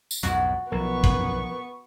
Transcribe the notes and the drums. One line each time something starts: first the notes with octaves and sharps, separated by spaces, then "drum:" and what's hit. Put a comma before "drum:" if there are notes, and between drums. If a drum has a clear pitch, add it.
drum: tambourine
B1 F2 G#2 F#4
B1 F3 B3 A#4 C#6
drum: kick